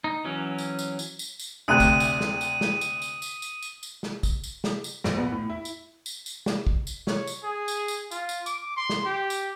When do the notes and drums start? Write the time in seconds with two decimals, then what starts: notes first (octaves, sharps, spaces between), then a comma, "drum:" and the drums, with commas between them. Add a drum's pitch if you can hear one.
0.04 D#4
0.25 E3 F#3 C#4
0.58 drum: tambourine
0.79 drum: tambourine
0.99 drum: tambourine
1.19 drum: tambourine
1.39 drum: tambourine
1.68 D2 C3 D#6 F#6 D#7
1.80 drum: kick, tambourine
2.00 drum: tambourine
2.21 drum: snare
2.41 drum: tambourine
2.61 drum: snare
2.81 drum: tambourine
3.02 drum: tambourine
3.22 drum: tambourine
3.42 drum: tambourine
3.62 drum: tambourine
3.83 drum: tambourine
4.03 drum: snare
4.23 drum: kick, tambourine
4.44 drum: tambourine
4.64 drum: snare
4.84 drum: tambourine
5.04 A#1, drum: snare
5.18 B3
5.32 A2
5.50 E4
5.65 drum: tambourine
6.06 drum: tambourine
6.26 drum: tambourine
6.46 drum: snare
6.67 drum: kick
6.87 drum: tambourine
7.07 C#5, drum: snare
7.27 drum: tambourine
7.44 G#4
7.68 drum: tambourine
7.88 drum: tambourine
8.11 F4, drum: tambourine
8.29 drum: tambourine
8.46 D6, drum: tambourine
8.76 C6
8.90 drum: snare
9.05 G4
9.30 drum: tambourine